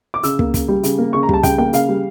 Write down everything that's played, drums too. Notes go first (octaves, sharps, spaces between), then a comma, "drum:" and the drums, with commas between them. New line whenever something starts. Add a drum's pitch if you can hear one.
D6
C#3 E6, drum: hi-hat
A#3, drum: kick
C#3, drum: kick, hi-hat
G3
C#3, drum: hi-hat
A#3
C#3 C#6
A#5
G3 A5, drum: kick
C#3 G5, drum: kick, hi-hat
A#3 G5
C#3 F5, drum: hi-hat
G3